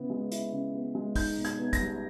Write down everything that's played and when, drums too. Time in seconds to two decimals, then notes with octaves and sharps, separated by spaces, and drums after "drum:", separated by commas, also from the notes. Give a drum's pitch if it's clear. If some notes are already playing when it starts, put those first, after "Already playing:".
Already playing: C#3 B3 E4
0.10 G#3
0.32 E4, drum: hi-hat
0.53 C#3
0.74 B3
0.95 G#3
1.16 D#4 G6, drum: kick G#1, open hi-hat
1.37 B2
1.45 G#6, drum: hi-hat
1.59 B3
1.73 A#6, drum: kick G#1, hi-hat
1.80 G3